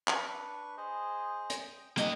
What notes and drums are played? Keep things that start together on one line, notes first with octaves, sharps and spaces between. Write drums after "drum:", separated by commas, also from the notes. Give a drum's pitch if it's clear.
D4 B4 C#6, drum: clap
G#4 C5 D#5
drum: hi-hat
G5 D#6
A#3 D#5 A5, drum: hi-hat